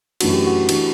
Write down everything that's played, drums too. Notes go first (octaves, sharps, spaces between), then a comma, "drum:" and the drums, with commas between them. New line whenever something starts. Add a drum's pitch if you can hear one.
F#2 E3 A3 D4 F#4, drum: cymbal
G4
F#4
E3 A3 D4, drum: cymbal